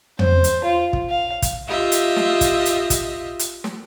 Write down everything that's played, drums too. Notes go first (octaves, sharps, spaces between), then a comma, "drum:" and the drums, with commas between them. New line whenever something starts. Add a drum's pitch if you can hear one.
C5, drum: tom
drum: hi-hat
F4
drum: kick
F5
drum: kick, hi-hat
F4 G4 D#5 E5
drum: hi-hat
drum: snare
drum: kick, hi-hat
drum: hi-hat
drum: kick, hi-hat
drum: hi-hat
drum: snare